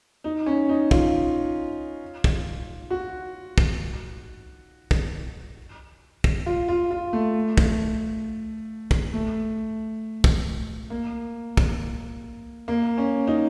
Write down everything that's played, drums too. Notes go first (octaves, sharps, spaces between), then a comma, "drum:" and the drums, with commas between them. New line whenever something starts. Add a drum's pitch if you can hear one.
D#4
C#4
D#4
F4, drum: kick
drum: kick
F#4
drum: kick
drum: kick
drum: kick
F4
F4
F4
A3
drum: kick
drum: kick
A3
drum: kick
A#3
drum: kick
A#3
C#4
D#4